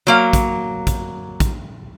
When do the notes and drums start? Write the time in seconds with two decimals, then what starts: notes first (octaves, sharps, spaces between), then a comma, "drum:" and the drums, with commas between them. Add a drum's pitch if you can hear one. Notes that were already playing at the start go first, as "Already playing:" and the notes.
0.07 F#3 A#3 F5
0.33 drum: kick, hi-hat
0.87 drum: kick, hi-hat
1.40 drum: kick, hi-hat